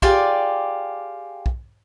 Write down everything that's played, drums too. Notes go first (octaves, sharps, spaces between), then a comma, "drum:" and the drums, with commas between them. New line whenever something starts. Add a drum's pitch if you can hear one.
F4 G4 G#4 D5, drum: kick
drum: kick